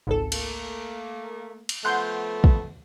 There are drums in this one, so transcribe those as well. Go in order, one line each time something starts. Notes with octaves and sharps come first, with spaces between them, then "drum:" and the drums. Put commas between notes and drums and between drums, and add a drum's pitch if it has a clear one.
G#1 C#2 A4
A3 A#3, drum: cymbal
drum: cymbal
F3 A3 B3 F#5 C6 G6
drum: kick